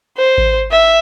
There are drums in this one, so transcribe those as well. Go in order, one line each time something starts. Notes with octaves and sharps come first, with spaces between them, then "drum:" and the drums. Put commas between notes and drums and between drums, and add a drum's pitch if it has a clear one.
C5
drum: kick G#1
E5